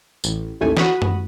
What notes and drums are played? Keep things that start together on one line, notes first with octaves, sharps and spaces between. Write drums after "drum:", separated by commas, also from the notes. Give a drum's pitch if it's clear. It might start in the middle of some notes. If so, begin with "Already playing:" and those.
A1, drum: tambourine
A1 D#2 A3 G#5
F#4 B5 D#6, drum: snare
drum: tom F#2